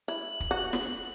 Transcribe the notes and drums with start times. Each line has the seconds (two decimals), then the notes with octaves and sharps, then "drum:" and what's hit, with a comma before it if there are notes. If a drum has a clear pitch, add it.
0.08 E4 F#7
0.40 drum: kick
0.51 F#4
0.73 drum: snare